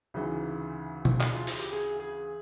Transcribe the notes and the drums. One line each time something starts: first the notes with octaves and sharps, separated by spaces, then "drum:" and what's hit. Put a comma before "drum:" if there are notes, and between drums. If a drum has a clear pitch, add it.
D2 C#3 E3 D#4
drum: tom B2
D4, drum: clap
F4
F4, drum: open hi-hat
G4
G#4
G#4